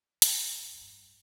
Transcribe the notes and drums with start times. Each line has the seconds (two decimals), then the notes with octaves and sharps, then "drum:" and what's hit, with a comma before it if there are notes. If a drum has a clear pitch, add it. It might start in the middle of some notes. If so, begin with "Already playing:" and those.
0.22 F2, drum: hi-hat
0.52 F2
0.73 A2
0.81 G2